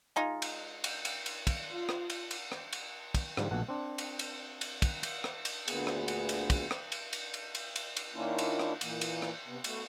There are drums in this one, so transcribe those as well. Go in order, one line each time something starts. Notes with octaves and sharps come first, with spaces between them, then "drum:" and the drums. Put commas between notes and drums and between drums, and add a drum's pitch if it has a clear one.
G#3 D#4 F4
drum: cymbal
drum: cymbal
drum: cymbal
drum: cymbal
drum: kick, cymbal
F4
drum: rim click
drum: cymbal
drum: cymbal
drum: rim click
drum: cymbal
drum: kick, cymbal
G#2 D3 F3 G3, drum: rim click
A#1 B2 A3 F#5
C4 D4
drum: cymbal
drum: cymbal
drum: cymbal
drum: kick, cymbal
drum: cymbal
drum: rim click
drum: cymbal
D2 A#2 B3 G#4, drum: cymbal
drum: rim click
drum: cymbal
drum: cymbal
drum: kick, cymbal
drum: rim click
drum: cymbal
drum: cymbal
drum: cymbal
drum: cymbal
drum: cymbal
drum: cymbal
D#3 A#3 C#4 D4 E4 F4
drum: cymbal
drum: rim click
A#2 E3 A#3, drum: cymbal
drum: cymbal
drum: rim click
C3 B3
A3 B3 F#4, drum: cymbal